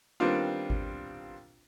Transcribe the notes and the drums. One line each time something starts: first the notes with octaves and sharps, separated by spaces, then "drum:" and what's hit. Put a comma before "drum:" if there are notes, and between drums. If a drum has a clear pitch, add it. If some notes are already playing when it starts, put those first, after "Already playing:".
D#3 G3 B3 C4 D4 F4
drum: kick G#1